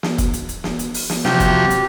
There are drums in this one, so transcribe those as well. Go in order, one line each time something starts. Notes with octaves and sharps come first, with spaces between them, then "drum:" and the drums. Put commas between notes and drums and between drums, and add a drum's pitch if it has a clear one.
drum: snare
drum: kick, hi-hat
drum: hi-hat
drum: hi-hat
drum: snare
drum: hi-hat
drum: open hi-hat
drum: snare
C3 F3 F#3 G4, drum: snare
drum: kick, hi-hat
drum: hi-hat